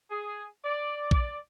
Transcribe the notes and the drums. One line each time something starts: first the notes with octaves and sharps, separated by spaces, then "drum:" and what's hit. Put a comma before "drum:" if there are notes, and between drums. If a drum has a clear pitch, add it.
G#4
D5
D5, drum: kick A#1